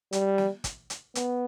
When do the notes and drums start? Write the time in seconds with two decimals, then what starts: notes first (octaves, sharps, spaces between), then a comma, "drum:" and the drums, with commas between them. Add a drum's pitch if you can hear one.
0.13 G3, drum: hi-hat
0.38 drum: snare
0.64 drum: kick, hi-hat
0.90 drum: hi-hat
1.15 B3, drum: hi-hat